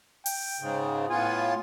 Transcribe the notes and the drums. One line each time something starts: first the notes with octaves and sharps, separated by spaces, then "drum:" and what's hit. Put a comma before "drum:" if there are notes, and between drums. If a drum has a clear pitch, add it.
G5, drum: open hi-hat
G#2 C#3
A2 B3 F4 G#5